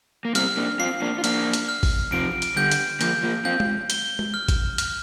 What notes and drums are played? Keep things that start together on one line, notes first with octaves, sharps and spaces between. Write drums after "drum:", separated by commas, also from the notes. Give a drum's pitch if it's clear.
A#3
G3 C4 F6, drum: hi-hat
A#3 D4
C4 F4 C7
A#3 D4
F4
A#3 D4 F6, drum: hi-hat
drum: hi-hat
F6
drum: kick, open hi-hat
C3 F3 D7
drum: hi-hat
D3 G3 G6
drum: hi-hat
F3 A#3 G6, drum: hi-hat
F3 A#3
C4 F4 G6
drum: tom
G7, drum: hi-hat
drum: tom
F6
drum: kick, hi-hat
F6, drum: hi-hat